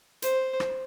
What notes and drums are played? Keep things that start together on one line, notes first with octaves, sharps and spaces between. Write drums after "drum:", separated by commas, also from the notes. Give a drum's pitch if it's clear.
C5, drum: hi-hat
drum: rim click